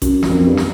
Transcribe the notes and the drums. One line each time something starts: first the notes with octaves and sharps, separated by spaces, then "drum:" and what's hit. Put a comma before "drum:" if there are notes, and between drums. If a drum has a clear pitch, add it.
F#2, drum: kick A1, hi-hat
F#2, drum: snare
F2
G2
drum: snare